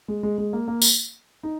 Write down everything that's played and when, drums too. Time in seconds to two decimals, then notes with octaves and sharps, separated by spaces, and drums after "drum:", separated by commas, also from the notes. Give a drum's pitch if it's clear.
0.08 G#3
0.23 G#3
0.38 G#3
0.53 A#3
0.68 A#3
0.82 drum: tambourine
1.43 D#4